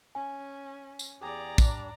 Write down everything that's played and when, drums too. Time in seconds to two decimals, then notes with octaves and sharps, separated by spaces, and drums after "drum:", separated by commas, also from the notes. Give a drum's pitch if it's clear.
0.15 C#4 G#5
0.99 drum: tambourine
1.21 E2 G4 G#4 D5 A#5
1.58 G3 D4, drum: kick, tambourine